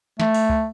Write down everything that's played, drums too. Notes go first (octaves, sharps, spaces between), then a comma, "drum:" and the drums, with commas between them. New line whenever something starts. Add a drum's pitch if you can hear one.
A3, drum: snare
drum: open hi-hat
drum: kick